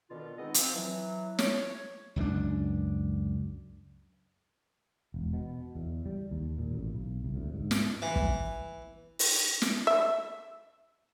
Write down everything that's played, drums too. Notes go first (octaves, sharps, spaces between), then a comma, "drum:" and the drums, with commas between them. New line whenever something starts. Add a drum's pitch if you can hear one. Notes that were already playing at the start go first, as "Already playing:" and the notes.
B2 D3 D#3 F4
G#3 B3 C4 D#4 D#5
F3 C4, drum: hi-hat
E3 F#3
C#5, drum: snare
C#2 F#2 F#3 D4
E1
B2
E2
G3
D#2
A#2
A1
B1
C2
D2
G#2
drum: snare
E3
drum: kick
drum: open hi-hat
drum: snare
E5